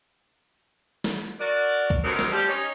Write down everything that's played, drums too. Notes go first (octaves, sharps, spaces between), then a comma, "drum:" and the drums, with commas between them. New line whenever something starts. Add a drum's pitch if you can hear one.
drum: snare
F#4 A#4 D5
drum: kick
D2 C3 F#3 D#4 A#4 C5
drum: snare
F3 G3 G4
C#4 D#4 C#5